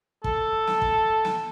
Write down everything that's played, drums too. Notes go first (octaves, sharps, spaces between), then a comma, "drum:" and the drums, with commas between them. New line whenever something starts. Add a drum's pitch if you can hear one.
A4, drum: kick
drum: snare
drum: kick
drum: snare